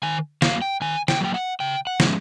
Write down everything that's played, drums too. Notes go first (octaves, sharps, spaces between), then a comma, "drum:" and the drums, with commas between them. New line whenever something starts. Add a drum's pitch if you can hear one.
D#3 G#5
F#3 A#3 F5, drum: snare
G5
D#3 G#5
G5, drum: snare
F#3 A#3 G5
F#5
C#3 G5
F#5
F3 G#3 C#4, drum: snare